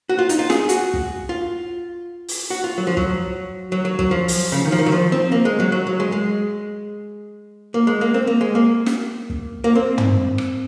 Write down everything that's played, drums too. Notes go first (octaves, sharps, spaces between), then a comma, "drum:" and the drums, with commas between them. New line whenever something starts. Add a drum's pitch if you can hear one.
F#4
F4
D#4, drum: hi-hat
F4
G#4, drum: snare
F#4, drum: hi-hat
drum: kick
F4
drum: open hi-hat
F#4
F4
F#3
F3
F#3, drum: kick
F#3
F#3
F#3, drum: kick
F3
drum: open hi-hat
C#3
D#3
F3
D#3
F#3
F3
C4
A#3
G#3
F#3
F#3
F#3
G#3
G#3
A#3
G#3
A#3
C4
A#3
G#3
A#3
drum: snare
drum: kick
A#3
C4
drum: tom
drum: rim click